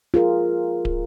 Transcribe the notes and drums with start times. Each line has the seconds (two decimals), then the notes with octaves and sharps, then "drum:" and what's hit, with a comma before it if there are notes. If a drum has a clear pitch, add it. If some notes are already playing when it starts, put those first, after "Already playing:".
0.14 F4 G#4 A#4
0.85 drum: kick